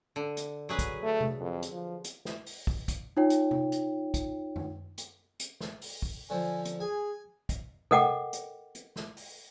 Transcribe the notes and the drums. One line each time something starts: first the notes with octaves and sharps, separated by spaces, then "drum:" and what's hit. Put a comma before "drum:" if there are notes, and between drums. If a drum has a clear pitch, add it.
D3
drum: hi-hat
F#3 G#4 B4
drum: kick, hi-hat
A3
drum: tom C3
F2
drum: hi-hat
F3
drum: hi-hat
drum: snare
drum: open hi-hat
drum: kick
drum: kick, hi-hat
D#4 F4 C#5 G5
drum: hi-hat
drum: tom C3
drum: hi-hat
drum: kick, hi-hat
drum: tom F#2
drum: hi-hat
drum: hi-hat
drum: snare
drum: open hi-hat
drum: kick
D3 F3 G#5
drum: hi-hat
G#4 G#5
drum: kick, hi-hat
A4 A#4 D#5 F#5 G5 D6, drum: tom C3
drum: hi-hat
drum: hi-hat
drum: snare
drum: open hi-hat